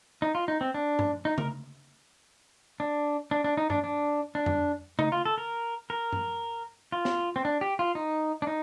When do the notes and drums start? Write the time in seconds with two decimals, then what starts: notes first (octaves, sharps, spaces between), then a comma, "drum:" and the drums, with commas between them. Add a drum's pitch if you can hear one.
0.22 D#4
0.35 F4
0.48 D#4
0.61 C4
0.74 D4
0.99 drum: tom G2
1.25 D#4
1.38 A#4, drum: tom C#3
2.80 D4
3.31 D4
3.44 D4
3.57 D#4
3.70 D4, drum: tom G2
3.84 D4
4.35 D4
4.46 drum: tom F2
4.99 D#4, drum: tom C#3
5.12 F4
5.25 A4
5.38 A#4
5.90 A#4
6.13 drum: tom G2
6.92 F4
7.05 drum: snare
7.36 C4
7.45 D4
7.61 G4
7.79 F4
7.95 D#4
8.42 D4
8.47 D#4